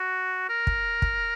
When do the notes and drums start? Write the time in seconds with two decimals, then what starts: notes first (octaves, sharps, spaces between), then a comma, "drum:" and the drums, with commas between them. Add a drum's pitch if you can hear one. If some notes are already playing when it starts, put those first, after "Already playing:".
Already playing: F#4
0.49 A#4
0.67 drum: kick
1.02 drum: kick